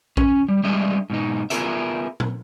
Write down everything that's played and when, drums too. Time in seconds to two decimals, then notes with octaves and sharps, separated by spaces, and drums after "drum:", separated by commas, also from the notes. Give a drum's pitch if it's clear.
0.17 C#4, drum: kick A#1
0.48 G3
0.64 G3 G#3 D4 D#5 E5
1.10 G#2 B2 D#4
1.50 B3 F4 G#4 A#4 E5, drum: hi-hat
2.20 drum: tom A#2